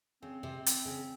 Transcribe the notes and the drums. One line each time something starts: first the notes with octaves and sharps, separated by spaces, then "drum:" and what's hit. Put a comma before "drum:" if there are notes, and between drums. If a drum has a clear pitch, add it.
C#3 C4
C3
drum: hi-hat
C#3